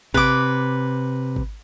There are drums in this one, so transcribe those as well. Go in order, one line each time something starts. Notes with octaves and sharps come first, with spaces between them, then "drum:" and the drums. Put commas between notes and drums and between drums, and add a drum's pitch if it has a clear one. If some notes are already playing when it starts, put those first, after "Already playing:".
C3 B4 D6, drum: kick G#1
drum: kick G#1